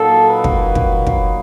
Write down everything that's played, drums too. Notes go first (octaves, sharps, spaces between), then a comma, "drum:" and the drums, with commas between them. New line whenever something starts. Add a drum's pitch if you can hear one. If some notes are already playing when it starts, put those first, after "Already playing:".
Already playing: A#2 F#3 A#3 D#4 A4
B4
drum: kick
drum: kick
drum: kick